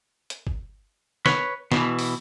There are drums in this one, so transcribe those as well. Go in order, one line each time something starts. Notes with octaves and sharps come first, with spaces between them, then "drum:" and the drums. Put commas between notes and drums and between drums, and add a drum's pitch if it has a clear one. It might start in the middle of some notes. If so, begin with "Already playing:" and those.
drum: hi-hat
drum: kick
B4 C#5, drum: snare
B2 D#3 E3, drum: snare
drum: open hi-hat